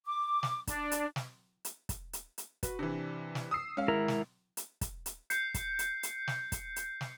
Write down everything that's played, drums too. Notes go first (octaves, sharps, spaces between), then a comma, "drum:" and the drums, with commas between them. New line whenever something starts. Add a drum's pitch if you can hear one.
D6
drum: snare
D4, drum: kick, hi-hat
drum: hi-hat
drum: snare
drum: hi-hat
drum: kick, hi-hat
drum: hi-hat
drum: hi-hat
F#4 B4, drum: kick, hi-hat
C3 E3 D4
drum: snare
D#6 E6 C7
G#3 C#4 F5
G#1 E4 A#4
drum: snare
drum: hi-hat
drum: kick, hi-hat
drum: hi-hat
G6 C7 C#7, drum: hi-hat
drum: kick, hi-hat
drum: hi-hat
drum: hi-hat
drum: snare
drum: kick, hi-hat
drum: hi-hat
drum: snare